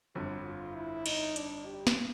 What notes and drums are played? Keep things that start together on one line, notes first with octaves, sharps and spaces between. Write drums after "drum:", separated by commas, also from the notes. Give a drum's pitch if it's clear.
G1 F2 D3 F#4
F4
E4
D#4, drum: cymbal
D4, drum: hi-hat
G4
drum: snare